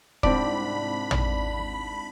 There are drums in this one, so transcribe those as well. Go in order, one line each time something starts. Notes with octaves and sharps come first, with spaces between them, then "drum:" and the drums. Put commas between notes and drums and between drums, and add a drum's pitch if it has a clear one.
C2 G#2 C4 D4 D5 B5, drum: kick D#1
drum: tom